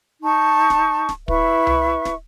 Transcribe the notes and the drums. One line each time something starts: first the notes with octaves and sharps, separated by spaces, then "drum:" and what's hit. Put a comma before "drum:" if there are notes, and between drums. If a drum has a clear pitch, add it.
D#4 A5 C#6
drum: snare
drum: snare
E4 B4 E5 C#6, drum: kick
drum: tom C2
drum: snare